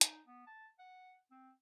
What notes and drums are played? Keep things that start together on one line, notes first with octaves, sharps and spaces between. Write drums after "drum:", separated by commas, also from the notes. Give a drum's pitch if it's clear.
D#4, drum: hi-hat
B3
A5
F#5
C4